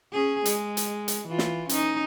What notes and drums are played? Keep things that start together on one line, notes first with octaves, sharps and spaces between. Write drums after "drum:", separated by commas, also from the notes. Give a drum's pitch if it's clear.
C#4 G#4
G#3, drum: hi-hat
drum: hi-hat
drum: hi-hat
E3 F4
drum: snare
C#4 D#4, drum: hi-hat